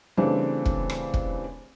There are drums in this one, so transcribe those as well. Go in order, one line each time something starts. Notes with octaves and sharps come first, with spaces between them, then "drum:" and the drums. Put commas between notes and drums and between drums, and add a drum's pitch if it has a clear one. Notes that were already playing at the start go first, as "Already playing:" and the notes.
C#3 E3 G3 A3 C4 D4
drum: kick
drum: rim click
drum: kick